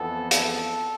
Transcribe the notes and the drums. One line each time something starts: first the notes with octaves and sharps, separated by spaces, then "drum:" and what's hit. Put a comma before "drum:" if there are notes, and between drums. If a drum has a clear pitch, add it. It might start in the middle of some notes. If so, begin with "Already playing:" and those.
Already playing: F2 E3 B3 A4
A4, drum: hi-hat